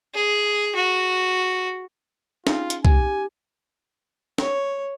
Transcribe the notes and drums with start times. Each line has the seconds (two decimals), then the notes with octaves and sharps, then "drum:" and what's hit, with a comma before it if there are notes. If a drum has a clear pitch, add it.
0.14 G#4
0.75 F#4
2.47 C#4 D#4 F4 G#4, drum: snare
2.70 drum: hi-hat
2.85 G4 G#5, drum: kick
4.38 C#5, drum: snare